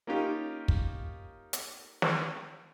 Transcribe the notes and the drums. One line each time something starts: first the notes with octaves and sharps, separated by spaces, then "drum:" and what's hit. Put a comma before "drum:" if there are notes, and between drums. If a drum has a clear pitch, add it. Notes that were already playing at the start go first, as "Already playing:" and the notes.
A#3 C#4 D#4 F4 G4
drum: kick
drum: hi-hat
drum: snare